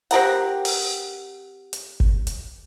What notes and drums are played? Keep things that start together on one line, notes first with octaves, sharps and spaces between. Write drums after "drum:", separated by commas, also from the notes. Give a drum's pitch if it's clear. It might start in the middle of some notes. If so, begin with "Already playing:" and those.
C4 G4 A#4 F#5, drum: hi-hat
drum: open hi-hat
drum: hi-hat
drum: kick
drum: hi-hat